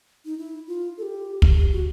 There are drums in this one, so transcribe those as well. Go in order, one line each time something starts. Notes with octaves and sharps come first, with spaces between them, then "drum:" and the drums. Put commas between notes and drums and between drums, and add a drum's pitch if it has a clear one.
D#4
E4
F4
A4
G4
drum: kick
G4
F#4